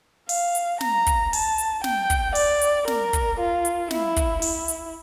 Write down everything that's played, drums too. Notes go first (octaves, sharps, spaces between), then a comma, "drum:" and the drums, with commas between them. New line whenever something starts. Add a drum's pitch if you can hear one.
F5, drum: open hi-hat
drum: hi-hat
A#5, drum: snare
drum: kick, hi-hat
A5, drum: open hi-hat
drum: hi-hat
G5, drum: snare
drum: kick, hi-hat
D5, drum: open hi-hat
drum: hi-hat
A#4, drum: snare
drum: kick, hi-hat
F4
drum: hi-hat
E4, drum: snare
drum: kick, hi-hat
E4, drum: open hi-hat
drum: hi-hat